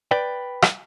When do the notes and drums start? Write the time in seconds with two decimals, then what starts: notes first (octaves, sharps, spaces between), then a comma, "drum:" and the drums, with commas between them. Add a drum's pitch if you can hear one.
0.11 B4 D5 G5
0.62 drum: rim click